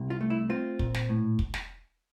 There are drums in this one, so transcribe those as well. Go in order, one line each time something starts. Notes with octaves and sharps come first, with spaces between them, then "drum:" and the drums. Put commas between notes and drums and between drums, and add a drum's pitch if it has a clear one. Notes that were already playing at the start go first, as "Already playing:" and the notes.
Already playing: C2 C3
F4
A3
E4
C4 F4
A#2, drum: kick
drum: snare
A2
drum: kick
drum: snare